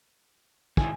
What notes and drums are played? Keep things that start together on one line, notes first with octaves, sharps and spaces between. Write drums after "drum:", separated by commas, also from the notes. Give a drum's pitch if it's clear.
G#2 D#3 E4 G#5, drum: kick